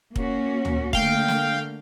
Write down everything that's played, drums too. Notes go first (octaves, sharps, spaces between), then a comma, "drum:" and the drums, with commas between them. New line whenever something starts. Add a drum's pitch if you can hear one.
A#3 C#4 F#4, drum: kick
drum: tom
D3 A3 A#3 F5 G5, drum: kick
drum: snare